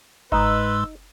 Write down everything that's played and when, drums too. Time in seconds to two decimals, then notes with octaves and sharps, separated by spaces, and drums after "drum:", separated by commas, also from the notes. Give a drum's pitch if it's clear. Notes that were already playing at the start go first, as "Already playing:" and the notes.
0.32 G#2 G#3 D#4 B4 C6 E6, drum: kick G1